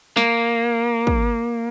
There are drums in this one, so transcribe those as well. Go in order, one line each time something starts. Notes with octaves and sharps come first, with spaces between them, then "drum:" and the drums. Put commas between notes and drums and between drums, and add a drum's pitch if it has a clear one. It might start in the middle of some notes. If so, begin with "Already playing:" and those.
A#3, drum: snare
drum: kick